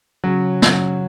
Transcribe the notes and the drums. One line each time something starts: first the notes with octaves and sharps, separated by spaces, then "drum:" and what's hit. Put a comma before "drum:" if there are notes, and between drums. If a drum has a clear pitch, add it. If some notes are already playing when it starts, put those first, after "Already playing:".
C#3 F#3 C#4
F#3, drum: snare